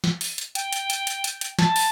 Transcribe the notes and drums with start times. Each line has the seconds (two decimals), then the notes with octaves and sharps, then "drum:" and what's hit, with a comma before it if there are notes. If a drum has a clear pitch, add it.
0.04 drum: snare
0.21 drum: open hi-hat
0.38 drum: hi-hat
0.55 G5, drum: hi-hat
0.73 drum: hi-hat
0.90 drum: hi-hat
1.07 drum: hi-hat
1.24 drum: hi-hat
1.41 drum: hi-hat
1.59 A5, drum: snare
1.76 drum: open hi-hat